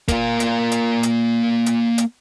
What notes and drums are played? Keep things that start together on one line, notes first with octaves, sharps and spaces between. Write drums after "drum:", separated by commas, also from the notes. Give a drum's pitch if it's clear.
A#3 F4, drum: kick, hi-hat
drum: hi-hat
drum: hi-hat
drum: hi-hat
drum: hi-hat
drum: hi-hat